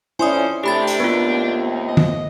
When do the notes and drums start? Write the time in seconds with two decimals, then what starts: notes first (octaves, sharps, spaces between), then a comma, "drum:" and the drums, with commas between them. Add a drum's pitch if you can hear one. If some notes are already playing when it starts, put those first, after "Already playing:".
0.19 F2 C#4 E4 C5 D5 G#5 C6 D#6
0.64 C3 A3 D4 G4 B5 A6
0.87 drum: hi-hat
1.00 D#2 A2 B3 C4 F4 B4
1.88 D#5
1.97 drum: tom D#3